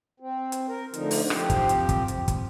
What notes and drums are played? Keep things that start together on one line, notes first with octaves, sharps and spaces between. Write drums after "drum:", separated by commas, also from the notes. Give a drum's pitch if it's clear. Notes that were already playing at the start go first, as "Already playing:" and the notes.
C4
drum: hi-hat
A#4
D2 D3 F3 D#4, drum: hi-hat
drum: open hi-hat
F3 C4 G4, drum: rim click
drum: kick, hi-hat
drum: hi-hat
drum: kick, hi-hat
drum: hi-hat
drum: kick, hi-hat